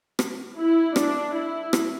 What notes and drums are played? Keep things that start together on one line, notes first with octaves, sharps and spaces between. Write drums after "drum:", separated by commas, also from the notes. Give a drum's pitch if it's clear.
drum: rim click
E4
D4, drum: rim click
E4
drum: rim click